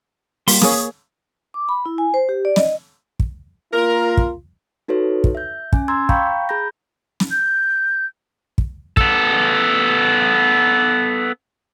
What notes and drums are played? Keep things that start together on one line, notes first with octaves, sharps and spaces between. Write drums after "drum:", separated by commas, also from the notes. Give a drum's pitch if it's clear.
G3 A#3 C6, drum: open hi-hat
A#3 G#4 C#5 D#6, drum: snare
D6
B5
E4
G#5
C5
G4
D5
D#5, drum: snare
drum: kick
A#3 F4 A#4
drum: kick
D#4 F#4 A4 B4 C#5
drum: kick
E5 G6
C#4 G#5, drum: kick
A#5 C6 E6 G#6 A6
F5 G5 A#5 B5 C#6 G6, drum: kick
G#4 A#5 B5 G6 A#6
drum: snare
G6
drum: kick
B3 A4, drum: kick